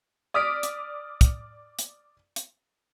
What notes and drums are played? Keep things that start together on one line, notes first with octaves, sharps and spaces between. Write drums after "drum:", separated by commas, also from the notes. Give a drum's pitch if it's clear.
D5 D#6 F6 B6 D7
drum: hi-hat
drum: kick, hi-hat
drum: hi-hat
drum: hi-hat